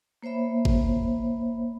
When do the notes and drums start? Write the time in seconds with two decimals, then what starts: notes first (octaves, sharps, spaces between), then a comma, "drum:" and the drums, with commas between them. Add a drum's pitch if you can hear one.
0.22 A#3 C5 C#5 E5 B5
0.65 drum: kick G1